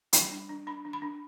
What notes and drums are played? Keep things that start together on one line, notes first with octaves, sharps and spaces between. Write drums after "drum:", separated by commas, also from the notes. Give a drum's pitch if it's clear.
G3 B5, drum: hi-hat
D4
D4
D4 B5
D4
B5
D4